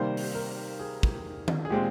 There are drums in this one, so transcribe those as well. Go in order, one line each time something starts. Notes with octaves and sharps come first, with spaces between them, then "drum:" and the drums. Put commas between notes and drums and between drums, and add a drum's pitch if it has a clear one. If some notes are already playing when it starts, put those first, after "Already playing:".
Already playing: C3 D#3 G3 A#3 C5
drum: open hi-hat
A#4
G#4
drum: kick
drum: tom D#3
G#4
A#2 G#3 C4 G4